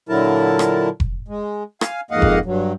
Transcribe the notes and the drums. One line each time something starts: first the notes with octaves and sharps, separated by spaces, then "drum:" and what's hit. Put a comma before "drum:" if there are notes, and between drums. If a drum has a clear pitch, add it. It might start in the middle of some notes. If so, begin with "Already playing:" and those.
A#2 D3 F#3 E4 A#4 A5
drum: rim click
drum: kick F1
G#3
F5 G#5, drum: rim click
F2 G#2 A#3 D#5 F5 F#5
drum: kick F1
G2 F#3